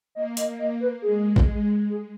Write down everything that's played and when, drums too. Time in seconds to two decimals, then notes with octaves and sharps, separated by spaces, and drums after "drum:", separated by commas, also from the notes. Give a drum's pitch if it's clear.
0.15 A#3 D#5
0.37 D#5, drum: hi-hat
0.59 D#5
0.80 B4
1.02 G#3 G#4
1.36 drum: kick A1
1.89 G#4